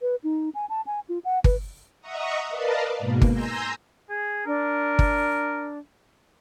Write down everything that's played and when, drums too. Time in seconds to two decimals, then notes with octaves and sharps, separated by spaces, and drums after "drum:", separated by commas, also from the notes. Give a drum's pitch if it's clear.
0.01 B4
0.24 D#4
0.55 G#5
0.69 A5
0.87 G#5
1.09 F4
1.24 F#5
1.44 B4, drum: kick G1
2.01 D#5 E5 F#5 A#5 C#6 D#6
2.50 A#4 B4 D5 D#5 F5 A5
2.99 G#2 B2 A#3
3.22 drum: kick G1
3.32 G#5 A#5 C6 E6 G6 A#6
4.10 G#4
4.46 D4 A#4
4.99 drum: kick G1